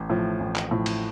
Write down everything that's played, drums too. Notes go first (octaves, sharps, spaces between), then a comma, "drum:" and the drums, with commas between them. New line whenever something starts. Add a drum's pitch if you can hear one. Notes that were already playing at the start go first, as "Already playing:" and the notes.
Already playing: A1
A2 F3
A1
drum: clap
A2 F3
drum: cymbal